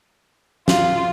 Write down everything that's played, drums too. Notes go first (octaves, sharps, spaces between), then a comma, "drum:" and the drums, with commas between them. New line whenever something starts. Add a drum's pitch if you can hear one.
F4, drum: snare